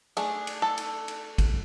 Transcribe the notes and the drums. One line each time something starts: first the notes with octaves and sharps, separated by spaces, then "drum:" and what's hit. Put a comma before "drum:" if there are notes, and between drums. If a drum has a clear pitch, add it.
A3 D4 G#4, drum: cymbal
drum: cymbal
A4
drum: cymbal
drum: cymbal
drum: kick G#1, cymbal